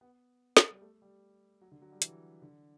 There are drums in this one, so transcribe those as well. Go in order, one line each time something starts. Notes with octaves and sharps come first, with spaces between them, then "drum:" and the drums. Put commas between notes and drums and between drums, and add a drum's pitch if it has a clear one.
B3
drum: snare
G3
A3
G3
F#3
D3
F#3
G3
E3, drum: hi-hat
D3